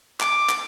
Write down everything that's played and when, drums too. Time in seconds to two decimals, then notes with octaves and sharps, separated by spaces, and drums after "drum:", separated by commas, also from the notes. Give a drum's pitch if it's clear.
0.21 D6, drum: clap
0.49 drum: clap